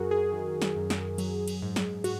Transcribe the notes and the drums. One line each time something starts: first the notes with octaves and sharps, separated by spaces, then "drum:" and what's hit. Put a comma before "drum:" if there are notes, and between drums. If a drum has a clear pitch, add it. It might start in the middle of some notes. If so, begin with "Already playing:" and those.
Already playing: F#2 F#3 F#4 G#4 A#4
G#4
D#3
drum: snare
F#2
drum: snare
F#3, drum: cymbal
drum: cymbal
G#2
drum: snare
F#4, drum: cymbal